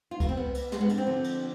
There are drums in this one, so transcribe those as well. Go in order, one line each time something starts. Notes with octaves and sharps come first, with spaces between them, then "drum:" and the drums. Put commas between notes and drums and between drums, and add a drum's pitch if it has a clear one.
F4
B3, drum: kick C2, cymbal
C4
B3
drum: cymbal
G#3, drum: snare
B3
D4, drum: cymbal
C4
D3 F3
drum: cymbal